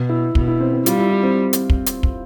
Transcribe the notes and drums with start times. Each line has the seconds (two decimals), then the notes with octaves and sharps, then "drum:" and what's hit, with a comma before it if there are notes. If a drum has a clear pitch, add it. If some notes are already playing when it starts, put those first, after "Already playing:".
Already playing: B2
0.09 E4
0.35 B2, drum: kick
0.48 E4
0.60 C4
0.73 C4
0.86 G3 F4, drum: hi-hat
0.98 E4
1.11 E4
1.23 C4
1.53 drum: hi-hat
1.70 drum: kick
1.86 drum: hi-hat
2.03 drum: kick